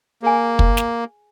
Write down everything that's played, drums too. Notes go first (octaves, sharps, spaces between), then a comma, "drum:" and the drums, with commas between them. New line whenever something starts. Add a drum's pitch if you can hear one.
A#3 G#4 G#5
drum: kick
drum: snare